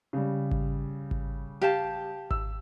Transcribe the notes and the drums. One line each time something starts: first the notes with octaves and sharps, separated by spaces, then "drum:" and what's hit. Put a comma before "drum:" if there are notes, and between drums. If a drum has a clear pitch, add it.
C#3 G3
drum: kick G#1
drum: kick G#1
G4 F5 A5
E6, drum: kick G#1